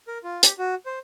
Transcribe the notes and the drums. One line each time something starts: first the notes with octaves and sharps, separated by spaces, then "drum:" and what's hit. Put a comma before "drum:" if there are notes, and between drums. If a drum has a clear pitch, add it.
A#4
F4
G4, drum: hi-hat
F#4
C5